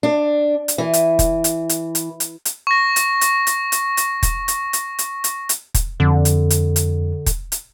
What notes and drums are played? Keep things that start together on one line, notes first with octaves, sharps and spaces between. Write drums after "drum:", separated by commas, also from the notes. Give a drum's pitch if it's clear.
D4
drum: hi-hat
E3
drum: hi-hat
drum: kick, hi-hat
drum: hi-hat
drum: hi-hat
drum: hi-hat
drum: hi-hat
drum: hi-hat
C#6 A#6
drum: hi-hat
drum: hi-hat
drum: hi-hat
drum: hi-hat
drum: hi-hat
drum: kick, hi-hat
drum: hi-hat
drum: hi-hat
drum: hi-hat
drum: hi-hat
drum: hi-hat
drum: kick, hi-hat
F2 D3
drum: hi-hat
drum: hi-hat
drum: hi-hat
drum: kick, hi-hat
drum: hi-hat